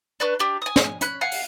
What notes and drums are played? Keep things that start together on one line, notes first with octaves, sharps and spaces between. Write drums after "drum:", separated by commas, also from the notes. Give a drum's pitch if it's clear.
D4 B4 C#6
D4 G4
G#5 D#6
drum: snare
C#4 B5 F#6, drum: hi-hat
F5 F#5 G#5
drum: open hi-hat